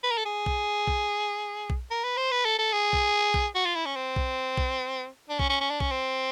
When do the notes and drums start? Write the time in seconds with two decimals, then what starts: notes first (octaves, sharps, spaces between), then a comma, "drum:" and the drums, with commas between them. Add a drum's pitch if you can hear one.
0.04 B4
0.11 A#4
0.18 A4
0.25 G#4
0.46 drum: kick B1
0.87 drum: kick B1
1.70 drum: kick B1
1.91 A#4
2.04 B4
2.17 C5
2.32 B4
2.45 A4
2.59 A4
2.73 G#4
2.93 drum: kick B1
3.34 drum: kick B1
3.55 F#4
3.65 F4
3.75 E4
3.86 C#4
3.96 C4
4.16 drum: kick B1
4.57 drum: kick B1
5.29 D4
5.39 C#4, drum: kick B1
5.50 C#4
5.61 C#4
5.70 D4
5.80 C#4, drum: kick B1
5.91 C4